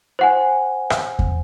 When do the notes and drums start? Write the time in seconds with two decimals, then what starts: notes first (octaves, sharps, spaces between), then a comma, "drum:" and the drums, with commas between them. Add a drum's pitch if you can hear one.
0.19 C5 F#5 G#5
0.90 drum: rim click
1.19 drum: kick E2